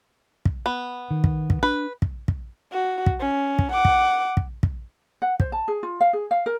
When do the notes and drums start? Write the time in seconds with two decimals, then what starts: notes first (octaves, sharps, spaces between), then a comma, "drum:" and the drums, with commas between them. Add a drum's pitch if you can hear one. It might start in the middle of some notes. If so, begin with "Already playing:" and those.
0.46 drum: kick
0.66 B3
1.11 D#3
1.24 drum: kick
1.50 drum: kick
1.63 D4 B4
2.02 drum: kick
2.28 drum: kick
2.72 F#4
3.06 drum: kick
3.20 C#4
3.59 drum: kick
3.72 F#5 D6
3.85 drum: kick
4.37 drum: kick
4.63 drum: kick
5.22 F#5
5.40 C5, drum: kick
5.52 A5
5.68 G#4
5.83 F4
6.01 F5
6.13 G#4
6.31 F5
6.46 A#4